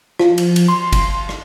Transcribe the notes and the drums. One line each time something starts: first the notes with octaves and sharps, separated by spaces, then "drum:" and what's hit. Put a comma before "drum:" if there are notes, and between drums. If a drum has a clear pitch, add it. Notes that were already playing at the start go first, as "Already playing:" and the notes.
F3, drum: rim click
drum: cymbal
drum: cymbal
C6
drum: kick, cymbal
drum: rim click